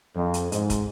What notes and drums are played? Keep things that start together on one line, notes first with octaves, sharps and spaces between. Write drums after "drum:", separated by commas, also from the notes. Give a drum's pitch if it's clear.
F2
drum: hi-hat
G#2, drum: hi-hat
drum: kick, hi-hat